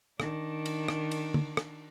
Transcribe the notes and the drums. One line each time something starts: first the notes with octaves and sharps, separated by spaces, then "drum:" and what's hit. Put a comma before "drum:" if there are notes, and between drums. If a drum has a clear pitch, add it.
D#3 D4, drum: rim click
drum: cymbal
drum: rim click
drum: cymbal
drum: tom
drum: rim click